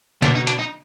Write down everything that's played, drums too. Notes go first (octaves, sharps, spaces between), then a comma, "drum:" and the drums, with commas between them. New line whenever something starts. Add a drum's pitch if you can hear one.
B2 D4, drum: snare
D#4
D4, drum: hi-hat
D#4